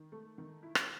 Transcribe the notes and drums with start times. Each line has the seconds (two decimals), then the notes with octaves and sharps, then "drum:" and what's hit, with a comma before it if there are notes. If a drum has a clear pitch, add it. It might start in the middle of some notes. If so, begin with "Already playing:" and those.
Already playing: D#3
0.12 A3
0.38 D#3
0.63 E4
0.75 drum: rim click